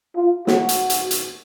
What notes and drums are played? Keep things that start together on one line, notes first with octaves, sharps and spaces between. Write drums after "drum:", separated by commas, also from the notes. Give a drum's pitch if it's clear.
F4
F#4, drum: snare
drum: hi-hat
drum: hi-hat
drum: hi-hat